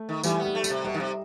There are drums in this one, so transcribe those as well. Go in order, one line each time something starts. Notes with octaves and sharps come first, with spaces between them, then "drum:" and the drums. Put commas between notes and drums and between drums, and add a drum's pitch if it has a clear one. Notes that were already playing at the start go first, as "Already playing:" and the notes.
Already playing: A3
D#3
E3 G3, drum: tambourine
B3
G3
A3
G3, drum: tambourine
C3
B2 G3
D#3
C3